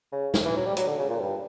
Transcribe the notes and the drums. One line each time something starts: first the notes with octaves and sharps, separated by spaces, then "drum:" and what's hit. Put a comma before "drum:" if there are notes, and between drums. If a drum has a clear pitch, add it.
C#3
drum: snare
E3
F#3
G3
F#3, drum: hi-hat
D3
C#3
A#2
G2